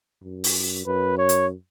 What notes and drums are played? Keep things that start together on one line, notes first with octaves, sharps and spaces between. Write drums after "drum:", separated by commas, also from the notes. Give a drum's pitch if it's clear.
F#2
drum: open hi-hat
F#2 B4
C#5
drum: hi-hat